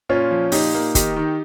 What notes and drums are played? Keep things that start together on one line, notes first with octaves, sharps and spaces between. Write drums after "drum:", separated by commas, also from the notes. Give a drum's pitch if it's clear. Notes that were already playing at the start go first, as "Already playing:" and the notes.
A#2 C#4 F4
F3
A#2 D#4 G4, drum: open hi-hat
A#3
D#3 D#4 G4, drum: kick, hi-hat
D#3